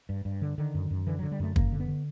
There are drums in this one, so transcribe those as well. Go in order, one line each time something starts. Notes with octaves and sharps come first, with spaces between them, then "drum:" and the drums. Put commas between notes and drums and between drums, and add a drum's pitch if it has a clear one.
G2
G2
D3
D3 D#3
F#2
F#2
D3 E3
D3 F#3
G3
F#2 A3
F#2 A#3, drum: kick
D3
B3
D3